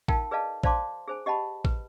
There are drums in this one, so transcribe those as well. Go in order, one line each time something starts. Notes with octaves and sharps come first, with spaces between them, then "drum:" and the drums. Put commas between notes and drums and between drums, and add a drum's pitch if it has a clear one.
D#4 F4 A#4 F5 G5 A5, drum: kick
G#4 B4 D5 D#5 F5 A5
C5 D5 F5 A5 C6 D6, drum: kick
G#4 C5 G#5
G4 D#5 F#5 A5 B5
B4, drum: kick